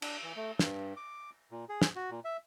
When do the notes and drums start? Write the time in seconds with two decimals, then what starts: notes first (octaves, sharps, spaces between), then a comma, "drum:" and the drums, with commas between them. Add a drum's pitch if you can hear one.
0.02 D4, drum: cymbal
0.23 E3
0.36 A3
0.59 G2, drum: snare
0.97 D6
1.51 A#2
1.69 G#4
1.82 drum: snare
1.96 F#4
2.11 A#2
2.25 E5